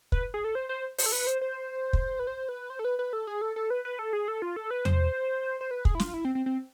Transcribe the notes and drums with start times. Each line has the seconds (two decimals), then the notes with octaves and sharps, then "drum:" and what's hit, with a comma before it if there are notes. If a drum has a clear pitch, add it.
0.12 B4, drum: kick
0.34 G#4
0.44 A4
0.55 C5
0.69 C5
0.98 C5, drum: open hi-hat
1.06 A4
1.12 B4
1.27 C5
1.41 C5
1.93 drum: kick
2.19 B4
2.27 C5
2.49 B4
2.70 C5
2.79 A4
2.85 B4
2.99 B4
3.13 A4
3.27 G#4
3.41 A4
3.56 A4
3.70 B4
3.85 B4
3.99 A4
4.13 G#4
4.28 A4
4.42 F4
4.56 A4
4.71 B4
4.85 C5, drum: tom E2
5.61 C5
5.71 B4
5.85 G#4, drum: kick
5.95 E4
6.00 F4, drum: snare
6.14 E4
6.25 C4
6.35 C4
6.46 C4